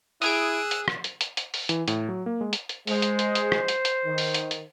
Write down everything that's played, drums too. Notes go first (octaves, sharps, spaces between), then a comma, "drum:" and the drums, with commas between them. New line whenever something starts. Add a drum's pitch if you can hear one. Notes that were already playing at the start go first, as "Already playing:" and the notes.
E4 G#4 D#6 E6 F#6 G#6 D7, drum: open hi-hat
drum: hi-hat
drum: rim click
drum: hi-hat
drum: hi-hat
drum: hi-hat
drum: open hi-hat
E3, drum: hi-hat
A2, drum: hi-hat
F#3
A#3
G#3
drum: hi-hat
drum: hi-hat
G#3 C5, drum: open hi-hat
drum: hi-hat
drum: hi-hat
drum: hi-hat
drum: rim click
drum: hi-hat
drum: hi-hat
D#3
drum: open hi-hat
drum: hi-hat
drum: hi-hat